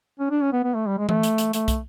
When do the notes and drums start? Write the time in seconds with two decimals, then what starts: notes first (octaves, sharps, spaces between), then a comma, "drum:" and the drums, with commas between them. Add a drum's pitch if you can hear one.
0.20 C#4
0.30 D4
0.42 C#4
0.53 B3
0.64 B3
0.75 A3
0.87 G3
0.98 G#3
1.09 A3, drum: tom E3
1.23 drum: hi-hat
1.38 drum: hi-hat
1.53 A3, drum: hi-hat
1.68 drum: kick, hi-hat